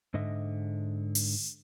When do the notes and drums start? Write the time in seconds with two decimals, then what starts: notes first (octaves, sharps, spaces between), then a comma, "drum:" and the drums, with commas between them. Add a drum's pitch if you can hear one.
0.14 G#2 D3 D#5 E5
1.15 drum: open hi-hat